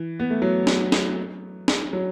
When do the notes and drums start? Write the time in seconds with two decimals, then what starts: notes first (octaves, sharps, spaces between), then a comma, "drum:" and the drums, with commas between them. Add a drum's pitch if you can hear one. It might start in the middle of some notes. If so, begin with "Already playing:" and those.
Already playing: E3
0.20 B3
0.30 A3
0.42 F#3
0.67 drum: snare
0.92 drum: snare
1.68 drum: snare
1.93 F#3